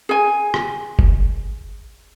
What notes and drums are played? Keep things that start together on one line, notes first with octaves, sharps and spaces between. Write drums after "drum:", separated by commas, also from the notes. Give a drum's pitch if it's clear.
G#4 G#5
drum: rim click
drum: kick F#1